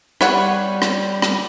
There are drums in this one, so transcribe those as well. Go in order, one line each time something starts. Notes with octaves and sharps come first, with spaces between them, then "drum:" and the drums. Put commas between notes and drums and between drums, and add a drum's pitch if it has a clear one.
G3 B4 C#5 F#5, drum: rim click
drum: rim click
drum: rim click